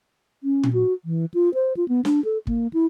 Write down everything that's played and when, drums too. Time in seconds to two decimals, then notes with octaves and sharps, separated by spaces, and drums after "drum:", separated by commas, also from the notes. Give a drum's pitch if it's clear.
0.43 C#4
0.63 drum: tom A#2
0.73 F#4
1.05 E3
1.34 F4
1.54 C5
1.77 F4
1.88 B3
2.05 D4, drum: snare
2.25 A4
2.47 A#3, drum: kick
2.73 E4